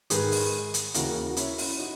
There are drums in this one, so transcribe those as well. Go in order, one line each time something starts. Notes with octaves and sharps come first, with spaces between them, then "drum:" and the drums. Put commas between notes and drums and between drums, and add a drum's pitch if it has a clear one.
G#2 D#3 G#4 B4, drum: hi-hat
drum: open hi-hat
drum: hi-hat
D#2 C#3 E3 F#4 A#4, drum: hi-hat
F#4
C#4 E4, drum: hi-hat
drum: open hi-hat
D#4 F#4